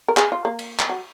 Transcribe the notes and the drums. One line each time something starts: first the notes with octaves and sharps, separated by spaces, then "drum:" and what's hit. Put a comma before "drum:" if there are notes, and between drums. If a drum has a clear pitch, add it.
A#4
G#4, drum: clap
F4
A#3
drum: cymbal
drum: clap
F#3